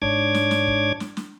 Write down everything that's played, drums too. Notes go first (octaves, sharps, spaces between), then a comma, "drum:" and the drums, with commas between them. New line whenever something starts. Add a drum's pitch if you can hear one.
G#2 D4 C#5 D6 G#6, drum: kick
drum: snare
drum: snare
drum: kick
drum: snare
drum: snare